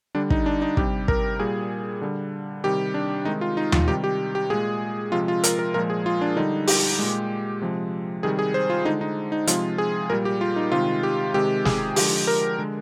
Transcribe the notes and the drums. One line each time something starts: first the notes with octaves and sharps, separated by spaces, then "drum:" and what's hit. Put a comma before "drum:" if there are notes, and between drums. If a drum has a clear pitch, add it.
D3 G3 D4
D#4, drum: kick
D4
D#4
C3 G3 G4, drum: kick
A#4, drum: kick
A#2 G3 G#4
D3 G3
C3 D#3 G3 G4
D4
C3 D#3 G#3 D#4
F4
D#4
F4, drum: tom D#2
C3 D#3 G3 G4
G4
G4
A#2 G#3 G#4
C3 F3 G#3 F4
F4
A#4, drum: hi-hat
A#4
A#2 F3 G#3 A#4
G#4
F4
D4
D3 G3 D#4
G4, drum: open hi-hat
A#2 G#3
C3 F3 G#3
C3 D#3 G3 G#4
G#4
C5
F4
D3 G#3 D#4
D#4
D#4
C3 F3 G#3 F4, drum: hi-hat
G#4
A#2 G3 A#4
G4
F4
D#4
C3 D#3 G#3 F4
G4
C3 D#3 G#3 G4
G#4, drum: snare
D3 F3 G#3 G4, drum: open hi-hat
A#4
D3 G#3